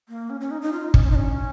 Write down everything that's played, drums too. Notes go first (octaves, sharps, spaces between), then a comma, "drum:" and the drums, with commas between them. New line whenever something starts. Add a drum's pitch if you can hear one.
A#3
C#4
C#4
D#4
D#4
F4
D#4
C#4, drum: kick
C#4
D#4
C#4